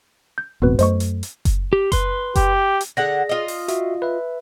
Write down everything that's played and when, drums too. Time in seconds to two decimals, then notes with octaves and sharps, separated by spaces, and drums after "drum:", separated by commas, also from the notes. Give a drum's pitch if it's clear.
0.38 G6
0.62 D#1 G#2 B3 C4 F#4 B4
0.79 F#2 A3 C5 D#5 C#6, drum: hi-hat
1.00 drum: hi-hat
1.23 drum: hi-hat
1.45 drum: kick F#1, hi-hat
1.73 G4
1.92 B4 C6, drum: kick F#1, hi-hat
2.35 G4, drum: kick F#1, hi-hat
2.81 drum: hi-hat
2.97 D3 G#4 F#5 A#6
3.29 F4 D#5
3.48 drum: open hi-hat
3.68 F#4 E5, drum: hi-hat
4.02 B4 E5